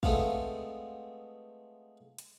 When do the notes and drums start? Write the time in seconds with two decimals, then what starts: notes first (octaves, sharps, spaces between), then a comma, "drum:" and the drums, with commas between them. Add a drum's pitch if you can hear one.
0.03 G#3 A3 B3 C4 F4, drum: kick
2.18 drum: hi-hat